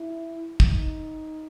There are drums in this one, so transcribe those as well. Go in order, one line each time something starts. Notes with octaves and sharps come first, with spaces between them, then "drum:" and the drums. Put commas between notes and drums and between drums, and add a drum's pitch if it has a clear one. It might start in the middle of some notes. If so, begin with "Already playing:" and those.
Already playing: E4
D#4, drum: kick